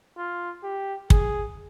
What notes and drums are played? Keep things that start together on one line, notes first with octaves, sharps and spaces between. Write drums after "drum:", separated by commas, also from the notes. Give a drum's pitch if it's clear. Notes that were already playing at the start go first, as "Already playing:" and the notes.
F4
G4
G#4, drum: kick